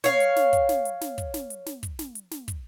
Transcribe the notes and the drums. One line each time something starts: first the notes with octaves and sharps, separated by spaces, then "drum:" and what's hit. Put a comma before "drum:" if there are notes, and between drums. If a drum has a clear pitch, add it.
C#5 F5, drum: snare
drum: hi-hat
drum: snare
drum: kick, hi-hat
drum: snare
drum: hi-hat
drum: snare
drum: kick, hi-hat
drum: snare
drum: hi-hat
drum: snare
drum: kick, hi-hat
drum: snare
drum: hi-hat
drum: snare
drum: kick, hi-hat